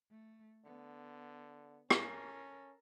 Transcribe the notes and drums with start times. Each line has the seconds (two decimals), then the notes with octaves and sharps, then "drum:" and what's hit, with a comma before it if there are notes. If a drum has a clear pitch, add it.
0.11 A3
0.65 D3 B3
1.90 C#4 A4 A#4, drum: rim click